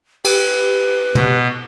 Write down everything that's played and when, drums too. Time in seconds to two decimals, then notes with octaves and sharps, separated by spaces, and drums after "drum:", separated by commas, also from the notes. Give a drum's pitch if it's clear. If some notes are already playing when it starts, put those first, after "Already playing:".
0.25 G4 B4, drum: cymbal
1.15 B2, drum: tom